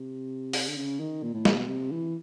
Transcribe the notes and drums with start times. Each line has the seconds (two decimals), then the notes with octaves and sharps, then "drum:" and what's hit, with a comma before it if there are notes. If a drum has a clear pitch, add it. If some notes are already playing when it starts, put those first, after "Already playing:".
Already playing: C3
0.53 drum: open hi-hat
0.68 D3
0.77 C#3
1.00 D#3
1.23 A#2
1.34 A2
1.45 A#2, drum: snare
1.57 B2
1.68 C3
1.91 E3